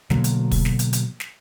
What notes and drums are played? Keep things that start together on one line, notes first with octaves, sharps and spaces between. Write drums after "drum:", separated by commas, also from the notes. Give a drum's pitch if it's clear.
B2 D3 F#3 A#3, drum: snare
drum: hi-hat
drum: kick, open hi-hat
drum: snare
drum: hi-hat
drum: hi-hat
drum: snare